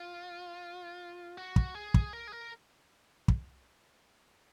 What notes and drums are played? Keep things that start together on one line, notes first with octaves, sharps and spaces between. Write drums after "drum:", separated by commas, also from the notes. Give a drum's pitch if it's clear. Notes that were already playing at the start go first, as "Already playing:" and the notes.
Already playing: F4
F#4
drum: kick
G#4
drum: kick
A#4
G#4
A#4
drum: kick